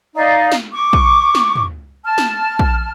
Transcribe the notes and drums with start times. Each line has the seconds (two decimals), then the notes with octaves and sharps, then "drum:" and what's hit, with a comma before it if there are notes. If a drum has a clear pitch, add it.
0.15 D#4 D5 F5
0.52 drum: snare
0.72 C#6 D6
0.93 drum: kick
1.35 drum: snare
1.55 drum: tom
2.04 A5 F6
2.18 drum: snare
2.59 drum: kick